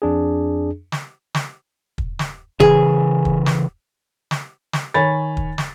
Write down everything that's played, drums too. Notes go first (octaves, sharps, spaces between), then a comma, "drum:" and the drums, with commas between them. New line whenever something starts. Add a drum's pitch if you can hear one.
F2 D4 G#4
drum: snare
drum: snare
drum: kick
drum: snare
C#3 E3 G#4, drum: kick
drum: kick
drum: snare
drum: snare
drum: snare
D#3 C#5 G#5 B5 A6
drum: kick
drum: snare